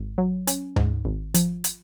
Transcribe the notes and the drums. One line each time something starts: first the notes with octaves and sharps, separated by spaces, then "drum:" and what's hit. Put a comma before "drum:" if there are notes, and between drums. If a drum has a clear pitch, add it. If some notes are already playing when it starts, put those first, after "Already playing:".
Already playing: G#1
F#3
C#4, drum: hi-hat
G#2, drum: tom D2
G#1
F3, drum: hi-hat
drum: hi-hat